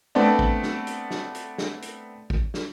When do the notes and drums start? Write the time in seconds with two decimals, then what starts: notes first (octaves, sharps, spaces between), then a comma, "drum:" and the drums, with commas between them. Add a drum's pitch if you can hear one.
0.15 A3 B3 C4 D4
0.39 drum: kick
0.63 drum: snare
0.87 drum: hi-hat
1.11 drum: snare
1.35 drum: hi-hat
1.58 drum: snare
1.82 drum: hi-hat
2.30 drum: kick
2.54 drum: snare